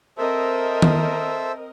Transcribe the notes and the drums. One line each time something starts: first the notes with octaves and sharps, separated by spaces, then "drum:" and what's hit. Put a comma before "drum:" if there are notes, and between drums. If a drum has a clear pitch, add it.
C4 A4 A#4 C5 D#5 E5
drum: tom D#3